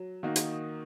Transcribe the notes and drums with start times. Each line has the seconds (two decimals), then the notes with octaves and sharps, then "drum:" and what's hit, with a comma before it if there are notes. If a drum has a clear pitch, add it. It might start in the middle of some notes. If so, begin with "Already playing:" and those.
Already playing: F#3
0.23 D#3 A#3 D#4 F#4
0.36 drum: hi-hat